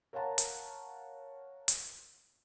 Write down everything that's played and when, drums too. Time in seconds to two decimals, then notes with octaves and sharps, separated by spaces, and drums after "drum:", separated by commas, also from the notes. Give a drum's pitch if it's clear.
0.13 A#4 C#5 F5 F#5 A5 A#5
0.38 drum: hi-hat
1.68 drum: hi-hat